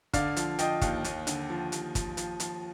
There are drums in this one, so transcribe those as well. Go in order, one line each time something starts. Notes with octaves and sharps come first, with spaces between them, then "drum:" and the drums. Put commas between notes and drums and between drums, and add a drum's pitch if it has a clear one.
D3 D5 F5, drum: kick, hi-hat
F3, drum: hi-hat
F3 D#5 G5, drum: hi-hat
D#2, drum: kick, hi-hat
D#2, drum: hi-hat
D3, drum: hi-hat
F3
D#2, drum: hi-hat
F3, drum: kick, hi-hat
F3, drum: hi-hat
F3, drum: hi-hat